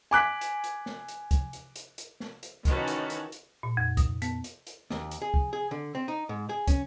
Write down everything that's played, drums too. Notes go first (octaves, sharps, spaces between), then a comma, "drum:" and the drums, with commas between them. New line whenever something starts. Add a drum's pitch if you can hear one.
G#5 D6 F#6 B6
drum: hi-hat
drum: hi-hat
drum: snare
drum: hi-hat
drum: kick, hi-hat
drum: hi-hat
drum: hi-hat
drum: hi-hat
drum: snare
drum: hi-hat
D#3 E3 C#4 D#4 F#4 A5, drum: kick, hi-hat
drum: hi-hat
drum: hi-hat
drum: hi-hat
A#2
F2
D#6, drum: kick, hi-hat
B3, drum: hi-hat
drum: hi-hat
drum: hi-hat
D#2, drum: snare
drum: hi-hat
G#4
drum: kick
G#4
D3
C4
D#4
G#2
G#4
C#4, drum: kick, hi-hat